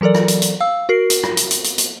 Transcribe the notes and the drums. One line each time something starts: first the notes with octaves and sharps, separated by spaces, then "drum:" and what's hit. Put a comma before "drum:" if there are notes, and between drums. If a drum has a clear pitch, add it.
E3 F#3 A4 A#4 D5
drum: rim click
drum: hi-hat
drum: hi-hat
F5 E6
F#4 A#4 C7
drum: hi-hat
drum: rim click
drum: hi-hat
drum: hi-hat
drum: hi-hat
drum: hi-hat